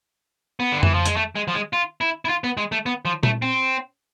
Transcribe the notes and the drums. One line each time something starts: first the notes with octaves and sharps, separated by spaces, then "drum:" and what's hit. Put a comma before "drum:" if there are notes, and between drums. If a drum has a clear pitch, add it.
B3
D3
E3, drum: tom F2
F3
G#3, drum: hi-hat
A3
G#3
F3
G#3
F4
E4
E4
F4
B3
G#3
A3
B3
F3
A3, drum: tom A#2
C4